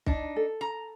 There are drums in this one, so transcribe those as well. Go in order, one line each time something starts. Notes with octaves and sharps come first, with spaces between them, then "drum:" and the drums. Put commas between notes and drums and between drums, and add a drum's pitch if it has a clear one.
D4 D#4, drum: kick
A4
A#5